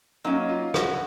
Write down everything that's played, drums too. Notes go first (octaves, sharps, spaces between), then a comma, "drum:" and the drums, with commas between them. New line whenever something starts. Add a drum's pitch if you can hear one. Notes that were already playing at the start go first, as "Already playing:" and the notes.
F#3 A#3 C#4 D#4
F4
F#4, drum: rim click